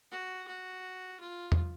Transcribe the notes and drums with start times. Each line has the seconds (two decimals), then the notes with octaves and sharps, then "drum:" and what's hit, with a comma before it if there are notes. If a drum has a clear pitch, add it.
0.11 F#4
0.47 F#4
1.20 F4
1.52 drum: tom